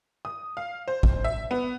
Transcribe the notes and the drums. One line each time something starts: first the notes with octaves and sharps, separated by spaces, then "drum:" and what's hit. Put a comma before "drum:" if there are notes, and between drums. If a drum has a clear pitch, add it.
D#6
F5
C5
drum: kick
E5
B3